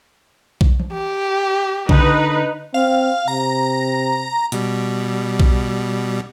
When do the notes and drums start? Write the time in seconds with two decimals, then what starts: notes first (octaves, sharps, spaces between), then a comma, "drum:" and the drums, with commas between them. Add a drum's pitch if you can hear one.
0.61 drum: kick B1
0.80 drum: tom E3
0.93 G4
1.89 D3 D#4 B4, drum: kick B1
2.74 C4 F5
3.28 C3 A#5
4.52 B2 G3, drum: hi-hat
5.40 drum: kick B1